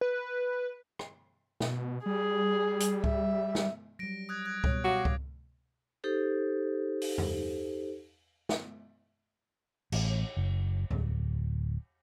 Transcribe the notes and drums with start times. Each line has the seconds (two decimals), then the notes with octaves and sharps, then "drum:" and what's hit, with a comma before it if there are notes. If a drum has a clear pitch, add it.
0.01 B4
0.99 drum: rim click
1.60 B2, drum: snare
2.06 G3 G#4
2.80 drum: hi-hat
3.04 E5, drum: kick C#2
3.55 drum: snare
3.99 F#3 G3 A#6 D7
4.29 D#6 F#6 G#6
4.45 F#6 G#6
4.64 B2 G3 C#5, drum: kick C#2
4.85 F#4 G4 F5 D6
5.05 drum: kick C#2
6.04 D#4 G4 A4 C5
7.02 drum: open hi-hat
7.18 drum: tom E2
8.49 drum: snare
9.92 A1, drum: cymbal
10.37 F#1
10.90 D1, drum: tom E2